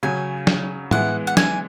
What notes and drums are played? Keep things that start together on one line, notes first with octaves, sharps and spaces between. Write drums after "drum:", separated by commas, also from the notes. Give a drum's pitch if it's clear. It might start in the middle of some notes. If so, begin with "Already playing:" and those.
C#3 F#3 C#4 G#5
drum: snare
E3 G#3 B3 E4 F#5, drum: tom A2
F#5
G#5, drum: snare